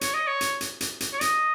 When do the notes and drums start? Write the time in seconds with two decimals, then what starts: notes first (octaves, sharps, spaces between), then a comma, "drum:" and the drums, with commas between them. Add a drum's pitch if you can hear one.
0.01 C#5, drum: hi-hat
0.14 D#5
0.27 C#5
0.41 drum: hi-hat
0.61 drum: hi-hat
0.81 drum: hi-hat
1.00 drum: hi-hat
1.13 C#5
1.21 D#5, drum: hi-hat